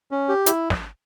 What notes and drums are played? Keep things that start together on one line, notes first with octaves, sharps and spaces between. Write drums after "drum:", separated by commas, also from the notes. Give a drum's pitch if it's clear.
C#4
G4
E4, drum: hi-hat
drum: snare